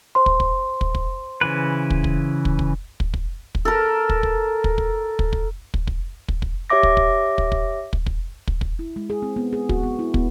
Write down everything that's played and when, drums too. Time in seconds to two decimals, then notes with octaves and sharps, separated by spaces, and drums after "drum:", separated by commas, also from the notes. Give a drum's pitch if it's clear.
0.15 C5 C6
0.26 drum: kick
0.40 drum: kick
0.81 drum: kick
0.95 drum: kick
1.41 C#3 E3 B4
1.90 drum: kick
2.04 drum: kick
2.45 drum: kick
2.59 drum: kick
3.00 drum: kick
3.14 drum: kick
3.55 drum: kick
3.65 A4 A#4
4.09 drum: kick
4.23 drum: kick
4.64 drum: kick
4.78 drum: kick
5.19 drum: kick
5.33 drum: kick
5.74 drum: kick
5.87 drum: kick
6.28 drum: kick
6.42 drum: kick
6.70 G4 C#5 E5 D6 A#6
6.83 drum: kick
6.97 drum: kick
7.38 drum: kick
7.52 drum: kick
7.93 drum: kick
8.06 drum: kick
8.47 drum: kick
8.61 drum: kick
8.79 E4
8.96 G#3
9.10 G#4
9.22 C4
9.36 B3
9.53 G#4
9.69 F#4, drum: kick
9.83 B3
9.99 E4
10.14 B3, drum: kick